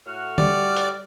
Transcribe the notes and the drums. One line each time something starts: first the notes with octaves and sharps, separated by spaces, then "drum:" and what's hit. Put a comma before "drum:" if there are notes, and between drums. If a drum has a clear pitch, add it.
A2 F#4 F6
G3 D5, drum: tom D3
drum: hi-hat